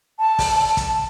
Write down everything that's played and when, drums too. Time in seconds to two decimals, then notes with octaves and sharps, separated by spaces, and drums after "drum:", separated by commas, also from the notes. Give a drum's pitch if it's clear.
0.19 A5
0.39 drum: kick, open hi-hat
0.58 A5
0.77 drum: kick, hi-hat